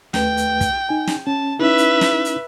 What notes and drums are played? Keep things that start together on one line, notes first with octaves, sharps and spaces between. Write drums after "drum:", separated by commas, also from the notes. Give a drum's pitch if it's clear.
D#2 A3 B4 G5, drum: snare
drum: hi-hat
drum: kick, hi-hat
D#4 G#5
drum: snare
C#4 A5
C#4 D#4 E4 B4 E5
drum: hi-hat
drum: snare
drum: hi-hat